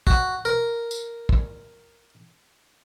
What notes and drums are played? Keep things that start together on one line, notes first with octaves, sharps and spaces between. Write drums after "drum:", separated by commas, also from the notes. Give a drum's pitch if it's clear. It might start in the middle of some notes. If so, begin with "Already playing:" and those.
F#4, drum: kick
A#4
drum: tambourine
drum: kick